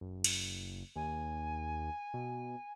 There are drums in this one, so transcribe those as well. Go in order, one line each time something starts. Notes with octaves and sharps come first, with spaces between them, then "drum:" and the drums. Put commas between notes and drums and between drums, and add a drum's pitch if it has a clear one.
F#1
drum: cymbal
D#2 G#5
B2